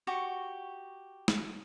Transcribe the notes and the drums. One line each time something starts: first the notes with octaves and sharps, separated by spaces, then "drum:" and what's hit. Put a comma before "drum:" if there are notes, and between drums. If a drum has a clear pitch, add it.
F#4 G4 C#6
drum: snare